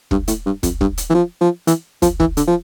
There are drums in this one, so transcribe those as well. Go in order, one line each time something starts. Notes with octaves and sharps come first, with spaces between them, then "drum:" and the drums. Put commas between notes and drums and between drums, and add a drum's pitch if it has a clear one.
G2, drum: kick
A2, drum: hi-hat
G2
F2, drum: kick, hi-hat
G2, drum: kick
drum: hi-hat
E3
F3
F3
E3, drum: hi-hat
F3, drum: kick, hi-hat
E3, drum: kick
D3, drum: hi-hat
F3